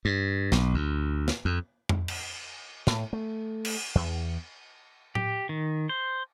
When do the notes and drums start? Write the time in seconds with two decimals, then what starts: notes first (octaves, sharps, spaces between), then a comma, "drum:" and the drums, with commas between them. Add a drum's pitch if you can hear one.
0.05 G2
0.52 B1, drum: snare
0.74 D2
1.28 drum: snare
1.45 F2
1.89 drum: tom F2
2.08 drum: cymbal
2.87 A2, drum: snare
3.13 A3
3.65 drum: cymbal
3.95 E2
5.15 G4, drum: tom A2
5.49 D#3
5.89 C5